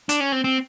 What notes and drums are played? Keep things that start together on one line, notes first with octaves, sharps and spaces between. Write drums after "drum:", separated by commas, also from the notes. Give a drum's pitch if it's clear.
D4, drum: hi-hat
C#4
C4
C4